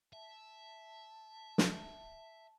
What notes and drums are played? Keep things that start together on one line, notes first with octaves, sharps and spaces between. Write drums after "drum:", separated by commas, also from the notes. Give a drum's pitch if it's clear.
E5 A5
drum: snare